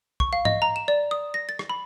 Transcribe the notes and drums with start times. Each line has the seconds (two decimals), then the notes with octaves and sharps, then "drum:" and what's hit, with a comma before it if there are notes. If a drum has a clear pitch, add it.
0.20 C#6, drum: kick
0.33 F5
0.45 D#5, drum: tom G#2
0.62 A#5
0.76 E7
0.88 D5
1.11 D#6
1.34 A#6
1.49 A6
1.59 drum: rim click
1.70 B5